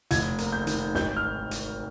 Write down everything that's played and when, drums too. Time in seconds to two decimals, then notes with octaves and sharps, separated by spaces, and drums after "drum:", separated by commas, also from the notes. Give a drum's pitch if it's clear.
0.11 F1 G#6, drum: hi-hat
0.38 A#3, drum: hi-hat
0.52 G6
0.67 D#3, drum: hi-hat
0.95 G#1 G6, drum: snare
1.16 F6
1.51 drum: hi-hat